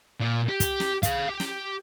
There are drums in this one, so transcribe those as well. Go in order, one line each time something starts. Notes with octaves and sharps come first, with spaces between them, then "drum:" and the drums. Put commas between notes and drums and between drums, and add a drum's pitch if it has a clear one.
A#2
G4
drum: kick, hi-hat
drum: snare
G#4 F5, drum: kick, hi-hat
G4
drum: snare